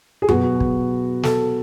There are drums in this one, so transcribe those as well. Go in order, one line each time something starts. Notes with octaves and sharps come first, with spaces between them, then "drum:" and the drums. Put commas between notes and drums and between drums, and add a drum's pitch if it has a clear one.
G#4
B2 F#3 B3 F#4, drum: tom F#2
drum: kick
A4, drum: snare